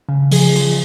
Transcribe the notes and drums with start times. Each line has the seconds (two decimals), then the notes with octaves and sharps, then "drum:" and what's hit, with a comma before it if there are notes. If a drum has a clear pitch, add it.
0.09 C#3
0.31 F3 G#4, drum: open hi-hat
0.56 F3, drum: open hi-hat